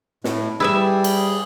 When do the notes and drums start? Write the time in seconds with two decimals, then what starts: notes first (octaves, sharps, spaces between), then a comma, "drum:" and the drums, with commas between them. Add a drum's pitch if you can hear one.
0.24 A2, drum: snare
0.60 G3 E4 G#4 B4 E5
1.04 drum: cymbal